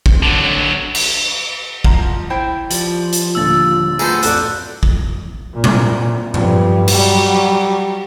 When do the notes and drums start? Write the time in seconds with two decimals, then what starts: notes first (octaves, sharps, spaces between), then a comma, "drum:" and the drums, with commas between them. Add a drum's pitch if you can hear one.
0.06 drum: kick
0.23 D3 F#3
0.95 drum: cymbal
1.84 F3 F#5 A#5 A#6, drum: kick
2.30 E4 C5 G5 G6
2.70 F3 G3 A6 F#7, drum: hi-hat
3.12 drum: hi-hat
3.35 D#1 D#2 D3 E6 A6
3.99 A2 F#3 G3 B3 F4 G#4 A4 C5, drum: tambourine
4.22 A1 F2 F#4 A4 D5 F#6, drum: hi-hat
4.83 drum: kick
5.54 A#2
5.64 drum: tom A#2
6.34 G2 F3, drum: tom A2
6.88 F#3 G3, drum: cymbal